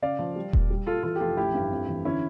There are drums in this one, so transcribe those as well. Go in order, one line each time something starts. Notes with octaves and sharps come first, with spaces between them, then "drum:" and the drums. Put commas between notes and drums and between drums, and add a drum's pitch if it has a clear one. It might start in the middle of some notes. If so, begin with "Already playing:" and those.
C#3 D5 F5
F3
G3
A#2, drum: kick E1
G3
G3 F4 A4
E3 F4 A4
G4
F1 F4 A4
A1 E4 G4
G2
F2
E3
D3 C#4 E4